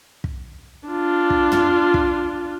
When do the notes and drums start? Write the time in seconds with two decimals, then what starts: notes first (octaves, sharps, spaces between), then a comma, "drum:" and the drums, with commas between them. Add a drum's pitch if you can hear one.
0.24 drum: kick
0.88 D4 F4
1.30 drum: kick
1.52 drum: tom
1.94 drum: kick